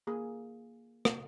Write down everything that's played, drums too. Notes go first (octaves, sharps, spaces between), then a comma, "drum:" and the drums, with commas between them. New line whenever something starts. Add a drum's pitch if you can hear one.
A#3 G#4
drum: rim click